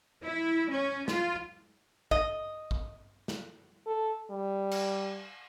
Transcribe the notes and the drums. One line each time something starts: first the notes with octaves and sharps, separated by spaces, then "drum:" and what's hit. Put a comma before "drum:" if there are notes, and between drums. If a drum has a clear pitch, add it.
E4
C#4
F4, drum: snare
D#5, drum: kick
drum: kick
drum: snare
A4
G3
drum: cymbal